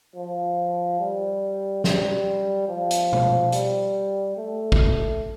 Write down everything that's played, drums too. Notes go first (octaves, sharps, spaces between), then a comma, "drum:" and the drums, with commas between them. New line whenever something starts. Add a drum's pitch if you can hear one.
F3
G3
G3, drum: snare
F3
drum: hi-hat
drum: tom B2
G3, drum: hi-hat
A3
drum: kick